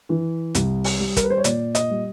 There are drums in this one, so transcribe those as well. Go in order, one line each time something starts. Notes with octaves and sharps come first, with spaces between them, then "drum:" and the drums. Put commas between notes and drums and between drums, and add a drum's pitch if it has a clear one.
E3
C2, drum: hi-hat
drum: open hi-hat
G3
A#4, drum: kick, hi-hat
B4
C5
C#5
A#2 D5, drum: hi-hat
D#5, drum: hi-hat
G3